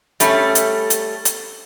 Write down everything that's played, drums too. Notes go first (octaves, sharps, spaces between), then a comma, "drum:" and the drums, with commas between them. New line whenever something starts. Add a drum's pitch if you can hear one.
G3 A3 C#4, drum: hi-hat
drum: hi-hat
drum: hi-hat
drum: hi-hat